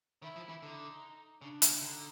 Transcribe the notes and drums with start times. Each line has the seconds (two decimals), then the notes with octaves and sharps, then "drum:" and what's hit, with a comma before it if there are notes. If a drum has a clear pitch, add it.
0.22 D#3 E4
0.36 F3
0.49 E3
0.62 D3 D#4
1.41 C#3 D4
1.62 C#3, drum: hi-hat
1.81 D3 D#4